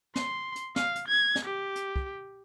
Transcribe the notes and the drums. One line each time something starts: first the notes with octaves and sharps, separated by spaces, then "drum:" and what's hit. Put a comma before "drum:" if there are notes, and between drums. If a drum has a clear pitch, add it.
C6, drum: snare
drum: hi-hat
F5, drum: snare
drum: hi-hat
G#6
drum: snare
G4
drum: hi-hat
drum: kick